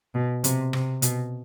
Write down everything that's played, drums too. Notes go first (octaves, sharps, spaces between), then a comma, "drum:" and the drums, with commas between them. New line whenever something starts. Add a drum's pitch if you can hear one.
B2
C3, drum: hi-hat
C3, drum: rim click
B2, drum: hi-hat